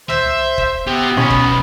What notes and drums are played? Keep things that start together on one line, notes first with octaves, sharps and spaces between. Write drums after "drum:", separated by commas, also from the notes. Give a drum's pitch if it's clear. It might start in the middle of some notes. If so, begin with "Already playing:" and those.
C5 E5, drum: tom
drum: kick
B3 G4 E5
B1 C#4 B5
drum: kick